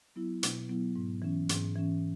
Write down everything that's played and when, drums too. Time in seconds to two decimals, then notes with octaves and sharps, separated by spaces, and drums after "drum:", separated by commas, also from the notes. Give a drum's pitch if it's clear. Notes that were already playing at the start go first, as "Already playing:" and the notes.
0.16 F#3 B3 E4
0.43 B2, drum: hi-hat
0.69 F#3 B3 E4
0.96 G#2
1.22 E3 C#4
1.49 G#2, drum: hi-hat
1.76 E3 C#4